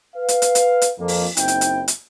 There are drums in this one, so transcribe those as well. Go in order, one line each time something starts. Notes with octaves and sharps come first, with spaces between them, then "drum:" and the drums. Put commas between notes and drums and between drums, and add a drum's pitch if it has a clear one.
B4 F5
drum: hi-hat
drum: hi-hat
drum: hi-hat
drum: hi-hat
F2 A#3
drum: open hi-hat
F#1 C4 D#4 E4 G5, drum: hi-hat
drum: hi-hat
drum: hi-hat
drum: hi-hat